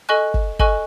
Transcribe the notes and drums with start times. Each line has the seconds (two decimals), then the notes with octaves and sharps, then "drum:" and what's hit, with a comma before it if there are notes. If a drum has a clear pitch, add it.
0.09 A4 D#5 G#5 C#6 F#6
0.34 drum: kick
0.59 A4 D#5 G#5 C#6 F#6, drum: kick